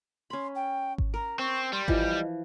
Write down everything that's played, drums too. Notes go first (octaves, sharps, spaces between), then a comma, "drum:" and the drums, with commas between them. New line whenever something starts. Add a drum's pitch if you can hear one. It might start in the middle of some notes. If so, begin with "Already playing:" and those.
C#4 B5 C6
G5
drum: kick G#1
A#4 A#5
C4 C#6
G3 C6
E3 F3 D#5, drum: kick G#1